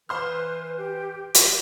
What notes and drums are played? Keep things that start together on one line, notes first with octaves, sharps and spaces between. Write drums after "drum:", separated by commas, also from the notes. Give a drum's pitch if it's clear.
E3 B4 C5 C6 F6
G4
G4, drum: hi-hat